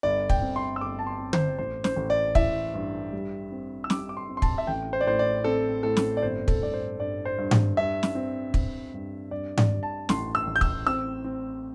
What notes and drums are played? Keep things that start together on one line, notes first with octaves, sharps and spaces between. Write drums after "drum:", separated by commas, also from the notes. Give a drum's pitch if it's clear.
G1 D5
G5, drum: kick
C4
C6
E6
G1 D6
A5
C6
C4
C5, drum: tom D3
A1 C5
C5, drum: snare
A1
D5
E3 E5, drum: kick
G2
G3
C4
E6
G3 D6, drum: snare
D6
C6
C4
C6
A5, drum: kick
E5
A1 G5
C5
D5
A2 C5
D5
C4 A4
A2 A4
drum: snare
D5
G1 C5
A4, drum: kick
G1 D5
C5
G2 D5
C5
G2
drum: tom G#2
G2 E5
drum: snare
C4
C4, drum: kick
G2
G2 D5
D5, drum: tom G#2
G2
A5
A1 C6, drum: snare
E6
A1
G6
E6, drum: kick
C4 E6
C4